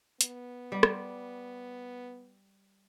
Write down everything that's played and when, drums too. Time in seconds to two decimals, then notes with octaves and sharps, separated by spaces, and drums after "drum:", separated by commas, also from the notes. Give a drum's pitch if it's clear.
0.21 B3, drum: hi-hat
0.72 G3
0.83 drum: rim click